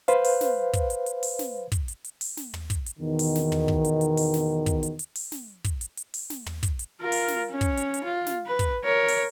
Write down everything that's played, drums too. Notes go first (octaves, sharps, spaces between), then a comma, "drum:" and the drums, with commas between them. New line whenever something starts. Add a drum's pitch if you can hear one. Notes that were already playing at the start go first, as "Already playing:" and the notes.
B4 C5 F5, drum: hi-hat
drum: open hi-hat
drum: snare
drum: kick, hi-hat
drum: hi-hat
drum: hi-hat
drum: open hi-hat
drum: snare
drum: kick, hi-hat
drum: hi-hat
drum: hi-hat
drum: open hi-hat
drum: snare
drum: tom
drum: kick, hi-hat
drum: hi-hat
E2 B2 D#3
drum: open hi-hat
drum: snare
drum: tom
drum: kick
drum: hi-hat
drum: hi-hat
drum: open hi-hat
drum: snare
drum: kick, hi-hat
drum: hi-hat
drum: hi-hat
drum: open hi-hat
drum: snare
drum: kick, hi-hat
drum: hi-hat
drum: hi-hat
drum: open hi-hat
drum: snare
drum: tom
drum: kick, hi-hat
drum: hi-hat
F4 A#4
drum: open hi-hat
drum: snare
C#4 C#5
drum: kick, hi-hat
drum: hi-hat
drum: hi-hat
F4
drum: snare
B4
drum: kick, hi-hat
A#4 C#5
drum: open hi-hat